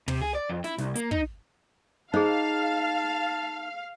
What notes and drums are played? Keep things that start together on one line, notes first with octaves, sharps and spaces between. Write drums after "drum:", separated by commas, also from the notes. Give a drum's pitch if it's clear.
C3, drum: tom
G#4
D5
F2
E4, drum: snare
C2, drum: snare
A#3, drum: hi-hat
D#4, drum: kick
D#4 G#4 C5 F5 A5